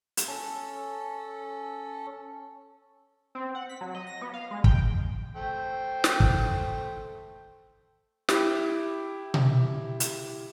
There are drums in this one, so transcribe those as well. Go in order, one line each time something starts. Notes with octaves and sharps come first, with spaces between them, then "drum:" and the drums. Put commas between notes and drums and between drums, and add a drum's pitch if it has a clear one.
drum: hi-hat
C#4 A4
C4
F#5
B6
F#3
D#5
A#6
B3
F5
G#3
G5, drum: kick
A3 C5 G5
drum: snare
drum: kick
E4 G4, drum: snare
drum: tom B2
drum: hi-hat